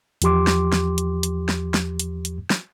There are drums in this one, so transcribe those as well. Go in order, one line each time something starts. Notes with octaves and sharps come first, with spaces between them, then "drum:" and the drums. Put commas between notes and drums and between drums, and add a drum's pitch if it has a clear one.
E2 F3 G4 C6 D6, drum: hi-hat
drum: snare
drum: snare
drum: hi-hat
drum: hi-hat
drum: snare
drum: snare
drum: hi-hat
drum: hi-hat
drum: snare